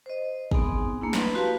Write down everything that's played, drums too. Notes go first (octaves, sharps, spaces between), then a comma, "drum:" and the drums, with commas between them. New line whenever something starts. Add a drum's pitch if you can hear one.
C5 D#5
B3 C4 D#4 G#4 G#5, drum: kick
A3 A#3 D4 E4
B4 B5 C6, drum: snare
F#4 G4 B4 F5 A5